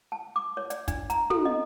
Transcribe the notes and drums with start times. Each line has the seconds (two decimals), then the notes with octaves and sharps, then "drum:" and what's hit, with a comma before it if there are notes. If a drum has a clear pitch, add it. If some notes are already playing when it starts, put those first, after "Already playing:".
0.12 A5
0.36 D6
0.57 C#5
0.70 D5, drum: hi-hat
0.88 D4, drum: kick, hi-hat
1.10 A#5, drum: hi-hat
1.30 A4, drum: tom
1.45 D#5